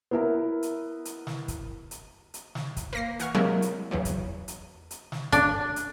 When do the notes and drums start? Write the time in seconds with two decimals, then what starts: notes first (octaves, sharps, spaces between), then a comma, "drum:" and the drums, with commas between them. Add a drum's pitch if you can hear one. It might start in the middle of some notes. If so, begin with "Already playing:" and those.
0.11 B3 E4 A#4
0.63 drum: hi-hat
1.05 drum: hi-hat
1.27 drum: snare
1.48 drum: kick, hi-hat
1.91 drum: hi-hat
2.34 drum: hi-hat
2.55 drum: snare
2.77 drum: kick, hi-hat
2.93 A#3 A#6 C7
3.19 E3 F#5 C#6 F6, drum: hi-hat
3.35 C3 F#3 G#3 A#3 E4 A#4
3.62 drum: hi-hat
3.91 E2 C#3 E3 F#3
4.05 drum: kick, hi-hat
4.48 drum: hi-hat
4.91 drum: hi-hat
5.12 drum: snare
5.32 D4, drum: kick, hi-hat
5.76 drum: hi-hat